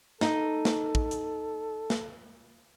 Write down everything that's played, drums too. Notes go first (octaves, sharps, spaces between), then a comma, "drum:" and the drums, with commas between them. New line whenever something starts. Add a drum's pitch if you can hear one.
D#4 A4, drum: snare
drum: snare
drum: kick
drum: hi-hat
drum: snare